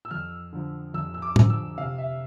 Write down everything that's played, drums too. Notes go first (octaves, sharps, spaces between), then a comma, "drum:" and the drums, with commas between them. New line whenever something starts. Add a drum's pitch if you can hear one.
E6
F2 F6
D3 F3
F2 E6
E6
D6
D3 F3, drum: tom
E6
C3 F5
E5